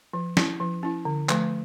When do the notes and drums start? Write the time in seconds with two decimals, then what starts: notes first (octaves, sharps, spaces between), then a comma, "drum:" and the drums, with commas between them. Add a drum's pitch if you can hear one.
0.13 F3
0.37 C#4 E4, drum: snare
0.60 F3
0.83 C#4 E4
1.05 D3
1.29 F3 A3, drum: clap